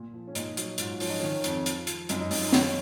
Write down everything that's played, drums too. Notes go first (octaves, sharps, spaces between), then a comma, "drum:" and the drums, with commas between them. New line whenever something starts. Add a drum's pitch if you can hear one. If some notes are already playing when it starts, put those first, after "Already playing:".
Already playing: A#2
F3
C#4
A#2 D#4, drum: hi-hat
F#3, drum: hi-hat
G#2 F4, drum: hi-hat
F3 C#4, drum: open hi-hat
D#4
D#3 C#4
F2, drum: hi-hat
F3, drum: hi-hat
F3, drum: hi-hat
F#2 D#4, drum: hi-hat
D#4
F#2 D#4, drum: open hi-hat
F4
D#4
D#3 C#4, drum: snare